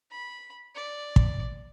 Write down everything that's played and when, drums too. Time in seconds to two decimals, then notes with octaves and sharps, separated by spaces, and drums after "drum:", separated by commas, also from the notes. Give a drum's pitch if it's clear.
0.11 B5
0.75 D5
1.16 drum: kick